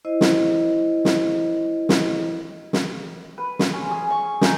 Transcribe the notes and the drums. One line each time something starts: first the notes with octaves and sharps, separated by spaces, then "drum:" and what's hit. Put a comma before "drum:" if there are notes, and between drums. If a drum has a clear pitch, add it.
E4 C5 D#5
drum: snare
drum: snare
drum: snare
drum: snare
B4
C6, drum: snare
C#4
G#4
C#6
D#4, drum: snare